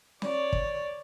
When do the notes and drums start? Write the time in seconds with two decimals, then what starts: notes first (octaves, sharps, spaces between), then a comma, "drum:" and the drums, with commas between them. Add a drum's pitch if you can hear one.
0.22 C#5 D5, drum: snare
0.53 drum: kick